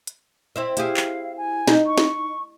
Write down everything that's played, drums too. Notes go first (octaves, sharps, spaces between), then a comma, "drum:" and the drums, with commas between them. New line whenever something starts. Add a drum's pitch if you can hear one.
drum: hi-hat
C4 E4 E5
E4 G4 G#4 F5, drum: hi-hat
drum: clap
G#5
D#4, drum: snare
C#6
drum: snare